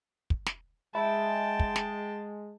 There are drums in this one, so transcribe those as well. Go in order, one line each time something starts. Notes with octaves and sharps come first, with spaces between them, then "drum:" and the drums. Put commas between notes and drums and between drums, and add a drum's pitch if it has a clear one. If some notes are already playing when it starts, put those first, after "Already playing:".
drum: kick
drum: snare
G#3 E5 G5 A5 B5
drum: kick
drum: snare